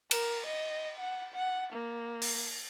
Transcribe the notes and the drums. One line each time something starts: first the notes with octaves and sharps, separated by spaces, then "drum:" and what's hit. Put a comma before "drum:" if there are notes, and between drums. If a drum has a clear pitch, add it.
A#4, drum: cymbal
D#5
F#5
F#5
A#3
drum: open hi-hat